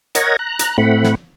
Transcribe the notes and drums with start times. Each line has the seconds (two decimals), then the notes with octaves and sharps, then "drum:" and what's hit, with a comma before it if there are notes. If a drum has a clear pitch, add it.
0.15 A#4 C#5 D#5 F#5 G#6 A#6, drum: hi-hat
0.39 A#5 F#6
0.59 drum: hi-hat
0.78 A2 A3 C4 F#5 B5
1.04 drum: snare